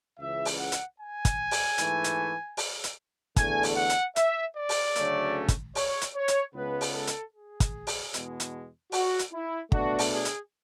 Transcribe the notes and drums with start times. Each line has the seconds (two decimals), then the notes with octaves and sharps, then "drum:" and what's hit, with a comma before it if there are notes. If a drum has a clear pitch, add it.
0.18 C#2 C#3 E3 E5
0.45 drum: open hi-hat
0.59 F#5
0.72 drum: hi-hat
0.98 G#5
1.25 drum: kick, hi-hat
1.51 drum: open hi-hat
1.78 G#2 E3 A3, drum: hi-hat
2.04 drum: hi-hat
2.57 drum: open hi-hat
2.84 drum: hi-hat
3.36 E2 D3 A3 G#5, drum: kick, hi-hat
3.63 drum: open hi-hat
3.76 F#5
3.90 drum: hi-hat
4.16 E5, drum: hi-hat
4.56 D5
4.69 drum: open hi-hat
4.96 D2 C#3 F#3 A3 C#4, drum: hi-hat
5.48 drum: kick, hi-hat
5.75 C#5, drum: open hi-hat
6.01 drum: hi-hat
6.15 C#5
6.28 drum: hi-hat
6.54 C#2 C#3 G#3 B3 B4
6.81 drum: open hi-hat
6.94 A4
7.07 drum: hi-hat
7.33 G#4
7.60 drum: kick, hi-hat
7.87 drum: open hi-hat
8.14 E2 B2 G#3, drum: hi-hat
8.40 drum: hi-hat
8.92 F#4, drum: open hi-hat
9.19 drum: hi-hat
9.32 E4
9.72 B2 A3 D4 F#4, drum: kick
9.99 drum: open hi-hat
10.12 G#4
10.25 drum: hi-hat